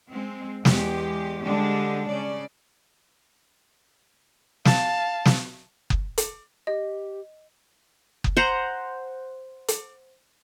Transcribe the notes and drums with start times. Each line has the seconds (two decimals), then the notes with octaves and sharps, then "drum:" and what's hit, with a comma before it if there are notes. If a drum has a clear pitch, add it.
0.11 G#3 C4
0.65 E2 G#3 G4, drum: snare
1.43 D3 G3 G#3 D4 G4
2.08 C#3 D5
4.65 F5 A5, drum: snare
5.25 drum: snare
5.90 drum: kick F#1
6.18 drum: hi-hat
6.67 G4 D#5
8.24 drum: kick F#1
8.37 C5 F#5 A#5
9.68 drum: hi-hat